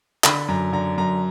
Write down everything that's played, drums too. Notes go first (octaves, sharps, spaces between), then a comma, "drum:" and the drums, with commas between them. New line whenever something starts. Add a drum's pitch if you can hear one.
D3 B5, drum: clap
F#2 A#5
D3 A#5
F#2 A#5